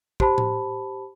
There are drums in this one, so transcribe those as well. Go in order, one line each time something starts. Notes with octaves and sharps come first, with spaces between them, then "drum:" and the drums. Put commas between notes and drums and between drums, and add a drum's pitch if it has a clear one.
G4 C5 A5 B5, drum: kick
drum: tom A2